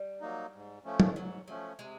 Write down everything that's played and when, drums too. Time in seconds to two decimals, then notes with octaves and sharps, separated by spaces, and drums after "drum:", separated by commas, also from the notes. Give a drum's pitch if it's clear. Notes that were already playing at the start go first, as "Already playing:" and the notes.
Already playing: G3
0.21 F#3 A#3 D#4
0.54 G#2
0.85 F3 A3 C#4
1.00 drum: tom
1.16 G#2 F#3
1.48 F3 F#3 A3 C#4
1.79 C3 G#3